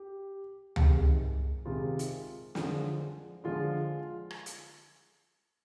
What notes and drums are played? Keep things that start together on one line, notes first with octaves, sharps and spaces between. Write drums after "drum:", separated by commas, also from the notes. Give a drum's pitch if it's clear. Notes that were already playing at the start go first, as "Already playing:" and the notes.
Already playing: G4
C3 D#3 G#3, drum: tom
C3 D#3 G#3 F4
drum: hi-hat
D3 F3 G#3, drum: snare
D3 F3 G#3 F4
drum: rim click
drum: hi-hat